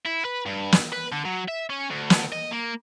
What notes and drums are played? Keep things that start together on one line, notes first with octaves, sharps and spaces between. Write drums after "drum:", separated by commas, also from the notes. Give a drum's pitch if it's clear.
E4
B4
G2
drum: snare
B4
D3
F#3
E5
C#4
D2
drum: snare
D#5
A#3